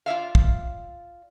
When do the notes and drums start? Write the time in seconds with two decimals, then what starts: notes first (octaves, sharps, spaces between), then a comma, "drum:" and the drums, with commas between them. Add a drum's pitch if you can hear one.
0.06 F4 D5 E5 F5
0.35 drum: kick